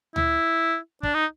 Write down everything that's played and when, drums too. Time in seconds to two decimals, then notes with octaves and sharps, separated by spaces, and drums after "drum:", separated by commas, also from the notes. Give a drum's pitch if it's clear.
0.16 E4, drum: tom D2
1.03 D4, drum: kick
1.14 D#4